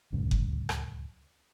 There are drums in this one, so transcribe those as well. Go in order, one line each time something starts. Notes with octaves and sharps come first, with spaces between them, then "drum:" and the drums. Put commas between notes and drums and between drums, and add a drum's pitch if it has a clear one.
D1 C#2 F#2
drum: kick F#1
drum: rim click